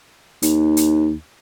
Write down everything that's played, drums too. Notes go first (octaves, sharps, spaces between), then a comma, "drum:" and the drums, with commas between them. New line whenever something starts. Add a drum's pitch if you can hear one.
D#2, drum: hi-hat
drum: hi-hat